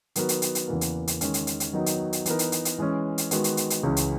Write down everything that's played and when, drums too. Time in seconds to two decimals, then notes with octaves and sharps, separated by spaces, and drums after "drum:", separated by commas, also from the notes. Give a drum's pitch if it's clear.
0.15 D#3 F#3 B3 F#4 A#4, drum: hi-hat
0.29 drum: hi-hat
0.42 drum: hi-hat
0.55 drum: hi-hat
0.68 E2 C#3 E3 A#3
0.81 drum: hi-hat
1.07 drum: hi-hat
1.21 D#3 G#3 C#4, drum: hi-hat
1.34 drum: hi-hat
1.47 drum: hi-hat
1.60 drum: hi-hat
1.73 D#3 F#3 B3 D#4 F#4
1.86 drum: hi-hat
2.13 drum: hi-hat
2.26 E3 B3 D#4 A#4, drum: hi-hat
2.39 drum: hi-hat
2.52 drum: hi-hat
2.65 drum: hi-hat
2.78 E3 G#3 C#4
3.18 drum: hi-hat
3.31 D#3 G#3 B3 F#4, drum: hi-hat
3.44 drum: hi-hat
3.57 drum: hi-hat
3.70 drum: hi-hat
3.83 C#2 C#3 E3 G#3 C#4
3.97 drum: hi-hat